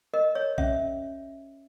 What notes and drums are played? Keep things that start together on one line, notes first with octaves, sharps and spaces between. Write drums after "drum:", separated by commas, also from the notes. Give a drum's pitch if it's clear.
A#4 D#5
C#5
C#4 E5, drum: kick